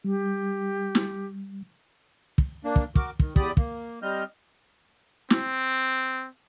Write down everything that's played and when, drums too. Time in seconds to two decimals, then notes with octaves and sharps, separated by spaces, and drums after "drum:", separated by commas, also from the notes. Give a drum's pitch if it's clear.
0.04 G3 G4
0.95 drum: snare
2.38 drum: kick
2.64 A#3 D4
2.76 drum: kick
2.95 F#4 A#4 D6, drum: kick
3.20 D#3, drum: kick
3.36 E2 G4 D5 B5 D#6, drum: kick
3.57 A#3, drum: kick
4.02 G3 C4 D#5 F6 G6
5.30 C4, drum: snare